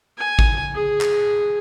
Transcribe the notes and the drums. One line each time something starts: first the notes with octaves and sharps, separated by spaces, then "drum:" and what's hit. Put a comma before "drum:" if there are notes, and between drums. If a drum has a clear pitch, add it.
G#5
drum: kick
G#4
drum: clap